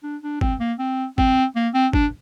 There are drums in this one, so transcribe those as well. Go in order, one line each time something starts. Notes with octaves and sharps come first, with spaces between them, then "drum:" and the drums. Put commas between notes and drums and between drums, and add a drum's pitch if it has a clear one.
D4
D4
C4, drum: kick
A#3
C4
C4, drum: kick
A#3
C4
D4, drum: kick